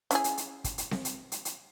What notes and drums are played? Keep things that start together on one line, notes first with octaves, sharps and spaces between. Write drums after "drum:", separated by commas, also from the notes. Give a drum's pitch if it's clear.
C#4 E4 G#4, drum: hi-hat
drum: hi-hat
drum: hi-hat
drum: kick, hi-hat
drum: hi-hat
drum: snare C4
drum: hi-hat
drum: hi-hat
drum: hi-hat